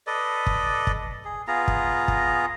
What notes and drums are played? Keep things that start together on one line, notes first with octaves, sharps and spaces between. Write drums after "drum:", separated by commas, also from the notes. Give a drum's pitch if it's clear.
A4 B4 D5 D#5
drum: kick
drum: kick
G#4
B3 F4 G#4 A#5
drum: kick
drum: kick